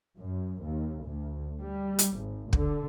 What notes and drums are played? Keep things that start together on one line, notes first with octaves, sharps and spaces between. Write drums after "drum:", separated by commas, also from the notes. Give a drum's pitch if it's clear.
F#2
D#2
D2
G3
drum: hi-hat
G#1
D3, drum: kick